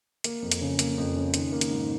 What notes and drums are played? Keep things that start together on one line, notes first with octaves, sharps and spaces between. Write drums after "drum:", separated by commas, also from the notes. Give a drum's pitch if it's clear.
A#3, drum: hi-hat
F2
drum: hi-hat
C#3
A#3, drum: hi-hat
F2
C#3
D#3, drum: hi-hat
A#3
drum: hi-hat
G#2